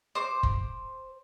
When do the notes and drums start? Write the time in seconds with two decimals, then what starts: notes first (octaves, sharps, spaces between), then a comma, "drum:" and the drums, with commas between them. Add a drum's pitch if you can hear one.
0.15 C5 D6
0.43 drum: kick